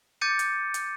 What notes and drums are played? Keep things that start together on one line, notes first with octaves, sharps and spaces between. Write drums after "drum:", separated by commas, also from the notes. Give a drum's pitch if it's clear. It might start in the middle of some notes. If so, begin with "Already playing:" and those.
D6 G6 A6 C#7 D#7
drum: hi-hat
drum: hi-hat